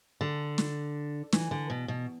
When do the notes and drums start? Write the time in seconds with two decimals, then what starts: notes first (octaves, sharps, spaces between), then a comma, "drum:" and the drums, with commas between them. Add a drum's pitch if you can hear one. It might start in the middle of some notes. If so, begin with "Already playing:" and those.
0.21 D3
0.58 drum: snare
1.33 E3, drum: snare
1.51 D3
1.70 B2
1.88 B2